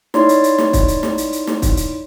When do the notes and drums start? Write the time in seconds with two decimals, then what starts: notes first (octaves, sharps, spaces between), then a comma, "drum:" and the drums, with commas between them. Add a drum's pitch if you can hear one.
0.14 D#4 E4 C#5 D5 C6, drum: snare
0.29 drum: hi-hat
0.44 drum: hi-hat
0.58 drum: snare
0.73 drum: kick, hi-hat
0.88 drum: hi-hat
1.03 drum: snare
1.18 drum: hi-hat
1.33 drum: hi-hat
1.47 drum: snare
1.62 drum: kick, hi-hat
1.77 drum: hi-hat